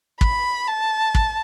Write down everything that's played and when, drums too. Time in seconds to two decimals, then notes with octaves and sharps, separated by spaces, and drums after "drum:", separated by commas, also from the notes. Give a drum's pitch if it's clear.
0.21 B5, drum: kick
0.68 A5
1.15 drum: kick